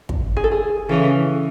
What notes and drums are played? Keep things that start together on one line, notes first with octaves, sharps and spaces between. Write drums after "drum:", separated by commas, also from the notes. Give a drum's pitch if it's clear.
drum: kick
G#4
A4
G#4
C#3 E3 A4